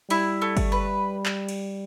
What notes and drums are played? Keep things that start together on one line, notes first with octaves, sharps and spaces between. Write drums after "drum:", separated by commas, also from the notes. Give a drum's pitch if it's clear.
G3 E4, drum: cymbal
A3
drum: kick G1, cymbal
B4
drum: clap
drum: cymbal